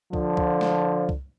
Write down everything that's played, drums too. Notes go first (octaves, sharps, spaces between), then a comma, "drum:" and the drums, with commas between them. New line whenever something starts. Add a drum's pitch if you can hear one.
D3 F3, drum: kick C2
drum: kick C2
drum: snare
drum: kick C2